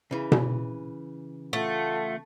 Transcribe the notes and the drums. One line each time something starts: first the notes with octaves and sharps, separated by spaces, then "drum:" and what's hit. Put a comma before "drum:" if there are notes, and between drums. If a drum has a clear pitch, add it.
C#3 E3
drum: tom B2
A3 F4 A4 F#5